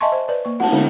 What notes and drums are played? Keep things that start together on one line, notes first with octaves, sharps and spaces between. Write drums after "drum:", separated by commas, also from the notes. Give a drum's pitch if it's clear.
D#5 E5 G#5 A5 C6 C#6
C5
B4 D5
A#3 C#6
F#5 A5, drum: cymbal
D3 G#3 B3 D4